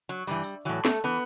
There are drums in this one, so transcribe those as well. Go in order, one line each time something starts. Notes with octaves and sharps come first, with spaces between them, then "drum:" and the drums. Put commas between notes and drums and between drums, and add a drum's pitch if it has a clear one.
F#3
G2 E3 G3
drum: tambourine
A2 E3 F#3
A3, drum: snare
E3 B3